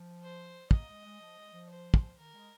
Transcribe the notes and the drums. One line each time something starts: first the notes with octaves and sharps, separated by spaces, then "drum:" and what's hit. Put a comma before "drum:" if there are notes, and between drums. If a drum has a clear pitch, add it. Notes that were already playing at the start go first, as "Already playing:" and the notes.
Already playing: F3
C5
A#3 D#5, drum: kick
G#3
G#3
F3
G#3
F3
C5
drum: kick
D#3 A#4
G#3